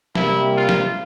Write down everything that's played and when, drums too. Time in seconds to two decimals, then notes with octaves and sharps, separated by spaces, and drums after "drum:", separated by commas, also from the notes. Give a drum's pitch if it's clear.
0.15 C3 G3 A#3 E4, drum: snare
0.56 F4
0.69 drum: snare